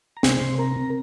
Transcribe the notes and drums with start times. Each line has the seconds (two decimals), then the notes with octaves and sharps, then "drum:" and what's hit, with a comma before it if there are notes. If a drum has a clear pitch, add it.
0.17 A#5
0.23 C3 C5 C6, drum: snare
0.41 C3
0.58 C4 A#4 A#5
0.76 C4